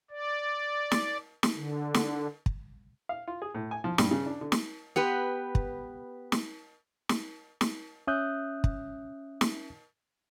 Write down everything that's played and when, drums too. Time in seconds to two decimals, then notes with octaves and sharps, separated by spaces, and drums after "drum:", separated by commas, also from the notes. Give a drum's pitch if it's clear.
0.11 D5
0.91 drum: snare
1.43 drum: snare
1.54 D3
1.94 drum: snare
2.46 drum: kick
3.09 F5
3.28 F4
3.42 G#4
3.55 A2
3.71 G#5
3.84 F3
3.98 G2, drum: snare
4.11 C#3
4.26 D4
4.41 D3
4.52 drum: snare
4.96 B3 G4 B4
5.55 drum: kick
6.32 drum: snare
7.09 drum: snare
7.61 drum: snare
8.07 C#4 E5 D#6 F#6 G6
8.64 drum: kick
9.41 drum: snare